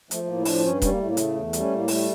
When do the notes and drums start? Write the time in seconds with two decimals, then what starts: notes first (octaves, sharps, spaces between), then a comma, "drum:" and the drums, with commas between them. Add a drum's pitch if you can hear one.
0.11 F3 A3, drum: hi-hat
0.24 A3
0.28 A2 A#3
0.42 E4
0.45 F3 D4, drum: open hi-hat
0.64 G2 C#4
0.82 G3 C#4, drum: kick D#1, hi-hat
0.91 A#3
0.99 A2 A3
1.08 A#3
1.12 G3
1.17 C#3 A3, drum: hi-hat
1.35 E2
1.53 G3, drum: hi-hat
1.60 C#4
1.71 A2 A#3
1.88 G3 A3, drum: open hi-hat